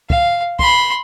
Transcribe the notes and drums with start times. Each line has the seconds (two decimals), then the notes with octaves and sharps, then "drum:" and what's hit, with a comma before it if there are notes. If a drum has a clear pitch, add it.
0.10 F5, drum: kick
0.59 B5 C6, drum: kick